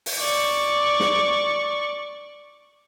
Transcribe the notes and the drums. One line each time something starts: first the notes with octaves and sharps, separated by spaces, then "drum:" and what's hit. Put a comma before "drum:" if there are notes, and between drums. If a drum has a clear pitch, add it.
drum: open hi-hat
D5 C#6
drum: snare